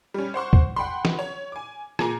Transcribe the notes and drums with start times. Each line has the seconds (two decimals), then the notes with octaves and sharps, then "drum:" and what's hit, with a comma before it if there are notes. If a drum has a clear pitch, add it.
0.14 G3 C#4
0.34 C5 F#5 C6 C#6
0.53 drum: kick D2
0.76 F#5 G5 B5 C6
1.05 drum: snare
1.19 C#5
1.52 G#5 D6
1.99 A#2 G#4 G#5 A#5, drum: rim click